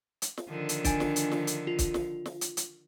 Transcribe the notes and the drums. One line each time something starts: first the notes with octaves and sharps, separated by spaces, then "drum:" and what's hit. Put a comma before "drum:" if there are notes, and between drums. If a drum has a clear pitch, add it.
drum: hi-hat
drum: snare
D3 D#3 F3
drum: hi-hat
D4 G#5, drum: kick, hi-hat
drum: snare
drum: hi-hat
drum: snare
drum: hi-hat
F4
drum: kick, hi-hat
drum: snare
drum: snare
drum: hi-hat
drum: hi-hat